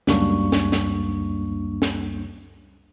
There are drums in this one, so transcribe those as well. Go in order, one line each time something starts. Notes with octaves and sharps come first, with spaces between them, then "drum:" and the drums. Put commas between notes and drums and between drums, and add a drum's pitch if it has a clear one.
C#2 F#2 G3 A#3 D4 C#6, drum: snare
drum: snare
drum: snare
drum: snare